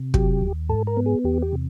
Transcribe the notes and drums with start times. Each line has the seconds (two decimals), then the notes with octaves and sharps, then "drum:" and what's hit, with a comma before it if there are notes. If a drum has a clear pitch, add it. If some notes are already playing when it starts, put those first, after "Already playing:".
Already playing: C3
0.14 F#3 G4, drum: kick
0.41 D#2
0.69 G#2 A4
0.87 A#4
0.97 B3
1.06 G#4
1.24 E2 G4
1.42 G4
1.53 C3